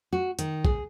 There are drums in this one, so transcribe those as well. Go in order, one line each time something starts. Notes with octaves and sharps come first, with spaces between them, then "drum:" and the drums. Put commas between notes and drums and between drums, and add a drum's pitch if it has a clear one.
F#4
D#3, drum: hi-hat
G#4, drum: kick